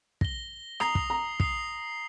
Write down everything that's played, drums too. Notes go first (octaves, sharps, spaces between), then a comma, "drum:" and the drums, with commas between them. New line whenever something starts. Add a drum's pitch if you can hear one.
A#6 G7, drum: kick
A#5 D#6 C7 F7, drum: rim click
drum: kick
A#5
D#6 C7 F7, drum: kick